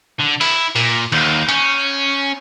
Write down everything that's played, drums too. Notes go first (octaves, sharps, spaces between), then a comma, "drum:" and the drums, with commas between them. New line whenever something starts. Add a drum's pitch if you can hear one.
D3
E4, drum: open hi-hat
A#2, drum: open hi-hat
D#2, drum: cymbal
C#4, drum: hi-hat